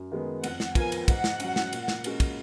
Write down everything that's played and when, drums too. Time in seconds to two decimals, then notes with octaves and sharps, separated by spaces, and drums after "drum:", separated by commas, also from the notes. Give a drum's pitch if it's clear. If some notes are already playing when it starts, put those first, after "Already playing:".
Already playing: F#2
0.12 D#3 G#3 B3
0.44 F2 F#5, drum: cymbal
0.60 drum: snare
0.75 F3 B3 F4 A#4 G#5, drum: kick, cymbal
0.92 drum: cymbal
1.08 G#2 F#5, drum: kick, cymbal
1.24 drum: snare
1.40 F#3 C#4, drum: cymbal
1.56 drum: snare
1.73 A#2, drum: cymbal
1.88 drum: snare
2.04 G#3 C#4 F#4 A#4, drum: cymbal
2.20 drum: kick, cymbal